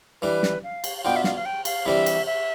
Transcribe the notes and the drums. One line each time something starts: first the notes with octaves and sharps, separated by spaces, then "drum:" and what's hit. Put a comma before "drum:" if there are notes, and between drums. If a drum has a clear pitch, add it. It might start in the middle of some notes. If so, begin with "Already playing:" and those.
E3 G3 D4 B4
drum: snare
F5
drum: cymbal
F5
B2 B3 D4 F4 G5
E5
F5, drum: snare
F5
G5
F5, drum: cymbal
C3 E3 G3 D4 E5
drum: cymbal
E5